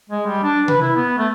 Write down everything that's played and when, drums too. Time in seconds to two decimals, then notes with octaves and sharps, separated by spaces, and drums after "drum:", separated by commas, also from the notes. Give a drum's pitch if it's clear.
0.10 G#3
0.27 G3
0.43 D4
0.68 B4, drum: tom C3
0.81 E4
0.96 B3
1.18 A3